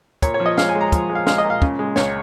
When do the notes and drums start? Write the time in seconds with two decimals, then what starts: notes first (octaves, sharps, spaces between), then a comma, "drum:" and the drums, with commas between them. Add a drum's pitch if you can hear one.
0.22 A#2 C#5, drum: kick, hi-hat
0.34 C#5
0.40 F3
0.46 D#5
0.58 G#3 F5, drum: snare
0.69 G#5
0.75 G#3
0.81 A#5
0.92 F3, drum: kick, hi-hat
1.09 G#3
1.15 F5
1.27 G#3 F5, drum: snare
1.38 D#5
1.44 A#2
1.50 F5
1.62 C#3, drum: kick
1.79 G#3
1.96 C#2 C#5, drum: snare